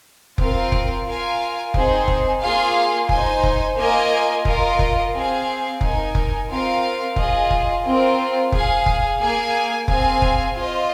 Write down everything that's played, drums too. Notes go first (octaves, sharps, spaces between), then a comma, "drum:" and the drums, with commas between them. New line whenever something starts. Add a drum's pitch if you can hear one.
C4 F4 A#4 F5, drum: kick F1
drum: kick F1
F4 A#4 F5 G#5
C4 D#4 G#4 C5, drum: kick F1
drum: kick F1
A#3 F4 G#4 F5
D#4 C5 G#5, drum: kick F1
drum: kick F1
A#3 F4 A#4 D#5 G#5
F4 A#4 D#5, drum: kick F1
drum: kick F1
C4 G#4 F5
D#4 A#4 G#5, drum: kick F1
drum: kick F1
C4 F4 A#4 F5
F4 G#4 D#5, drum: kick F1
drum: kick F1
C4 F4 A#4
G#4 F5 G#5, drum: kick F1
drum: kick F1
A#3 G#4 F5 G#5
C4 G#4 F5 G#5, drum: kick F1
drum: kick F1
F4 C5 D#5